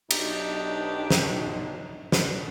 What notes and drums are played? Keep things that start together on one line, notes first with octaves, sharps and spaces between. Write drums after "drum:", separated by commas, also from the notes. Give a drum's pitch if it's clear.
B1 D4 D#4 G4, drum: cymbal
drum: snare
drum: snare